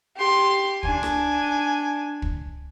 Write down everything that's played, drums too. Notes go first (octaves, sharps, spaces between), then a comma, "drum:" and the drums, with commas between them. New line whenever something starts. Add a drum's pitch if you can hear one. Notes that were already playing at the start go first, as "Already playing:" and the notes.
G4 C6
D4 G#5, drum: kick
drum: rim click
drum: kick